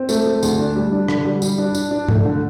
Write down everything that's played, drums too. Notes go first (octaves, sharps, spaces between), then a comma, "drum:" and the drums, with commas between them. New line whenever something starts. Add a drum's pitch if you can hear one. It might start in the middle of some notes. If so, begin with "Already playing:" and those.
Already playing: C4
A3, drum: tambourine
A3
D2, drum: tambourine
D4
G3
D4
D3, drum: rim click
G3
G3, drum: tambourine
D4
D4, drum: tambourine
D4
A3, drum: tom G#2
D3